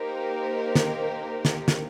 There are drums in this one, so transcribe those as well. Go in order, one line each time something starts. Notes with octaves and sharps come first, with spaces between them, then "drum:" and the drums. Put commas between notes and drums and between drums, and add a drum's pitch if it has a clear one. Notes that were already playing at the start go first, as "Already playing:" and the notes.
Already playing: A#3 D#4 G4 A#4 C5
drum: snare
drum: snare
drum: snare